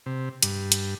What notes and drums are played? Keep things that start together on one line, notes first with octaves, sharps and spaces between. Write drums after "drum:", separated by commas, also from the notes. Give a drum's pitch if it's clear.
C3
G2, drum: hi-hat
drum: hi-hat